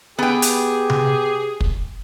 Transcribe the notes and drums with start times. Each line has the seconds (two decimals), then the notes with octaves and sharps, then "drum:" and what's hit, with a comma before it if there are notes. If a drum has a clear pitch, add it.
0.19 B3 G4 G#4 G5
0.42 drum: hi-hat
0.90 drum: tom C3
1.61 drum: kick